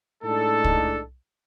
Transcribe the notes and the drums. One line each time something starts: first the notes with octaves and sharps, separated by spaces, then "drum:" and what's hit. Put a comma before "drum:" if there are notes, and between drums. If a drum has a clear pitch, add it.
A2 G#3 D4 D#4 A4
drum: kick